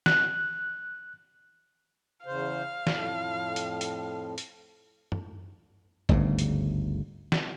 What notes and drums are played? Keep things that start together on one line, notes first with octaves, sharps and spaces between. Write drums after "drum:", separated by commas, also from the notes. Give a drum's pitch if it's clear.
F#6, drum: snare
E2 C#3 C5 F5
F2 A2, drum: snare
drum: hi-hat
drum: hi-hat
drum: hi-hat
drum: tom
G1 D2 G#2 C#3, drum: kick
drum: hi-hat
drum: snare